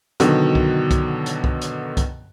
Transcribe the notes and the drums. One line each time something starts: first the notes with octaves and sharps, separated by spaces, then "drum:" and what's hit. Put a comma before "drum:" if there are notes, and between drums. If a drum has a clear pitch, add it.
B2 D3 D#3 F#3, drum: hi-hat
drum: kick C2
drum: kick C2, hi-hat
drum: hi-hat
drum: kick C2
drum: hi-hat
drum: kick C2, hi-hat